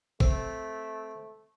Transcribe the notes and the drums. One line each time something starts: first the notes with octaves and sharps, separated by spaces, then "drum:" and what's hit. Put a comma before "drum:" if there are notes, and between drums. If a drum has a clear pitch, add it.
A3 C4, drum: kick